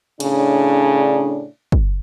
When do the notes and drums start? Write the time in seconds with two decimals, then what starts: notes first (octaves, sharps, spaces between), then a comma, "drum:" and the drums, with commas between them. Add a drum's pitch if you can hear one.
0.20 A2 C#3 D4, drum: cymbal
1.72 drum: kick